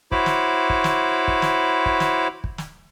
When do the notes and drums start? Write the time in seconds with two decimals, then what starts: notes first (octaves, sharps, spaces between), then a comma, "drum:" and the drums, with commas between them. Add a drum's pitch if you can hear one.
0.12 E4 F#4 C5 C#5 B5 D6, drum: kick
0.26 drum: snare
0.70 drum: kick
0.84 drum: snare
1.28 drum: kick
1.42 drum: snare
1.86 drum: kick
2.00 drum: snare
2.44 drum: kick
2.58 drum: snare